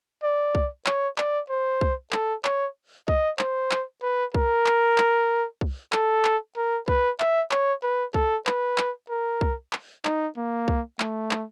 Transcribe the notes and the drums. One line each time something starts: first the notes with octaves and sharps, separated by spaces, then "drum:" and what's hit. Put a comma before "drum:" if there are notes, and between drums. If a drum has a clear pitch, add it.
D5
drum: kick C2
C#5, drum: clap
D5, drum: clap
C5
drum: kick C2
A4, drum: clap
C#5, drum: clap
D#5, drum: kick C2
C5, drum: clap
drum: clap
B4
A#4, drum: kick C2
drum: clap
drum: clap
drum: kick C2
A4, drum: clap
drum: clap
A#4
B4, drum: kick C2
E5, drum: clap
C#5, drum: clap
B4
A4, drum: kick C2
B4, drum: clap
drum: clap
A#4
drum: kick C2
drum: clap
D#4, drum: clap
A#3
drum: kick C2
A3, drum: clap
drum: clap